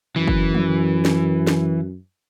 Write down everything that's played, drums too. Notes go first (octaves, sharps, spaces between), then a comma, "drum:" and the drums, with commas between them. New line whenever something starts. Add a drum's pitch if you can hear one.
F#2 E3
drum: kick F#1
drum: tom
drum: snare
drum: snare